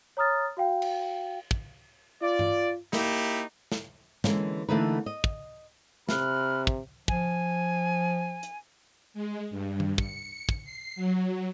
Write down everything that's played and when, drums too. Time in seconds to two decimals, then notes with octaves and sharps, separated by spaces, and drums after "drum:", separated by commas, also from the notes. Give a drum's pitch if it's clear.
0.17 C#5 A#5 D#6 F6 A6
0.57 F#4 F5 G5
0.82 drum: cymbal
1.51 drum: kick
2.22 F4 D5
2.39 drum: tom G2
2.93 A#3 D#4 E4 G4, drum: snare
3.72 drum: snare
4.24 D3 E3 G#3 A#3 C#4, drum: snare
4.69 D3 E3 A3 A#3 D#4 B4
5.06 D#5
5.24 drum: kick
6.09 C3 B5 F6 F#6, drum: snare
6.67 drum: kick
7.08 F3 G#5, drum: kick
8.43 drum: hi-hat
9.14 G#3
9.51 G2
9.80 drum: tom D#3
9.98 C#7, drum: kick
10.49 drum: kick
10.63 C7
10.96 F#3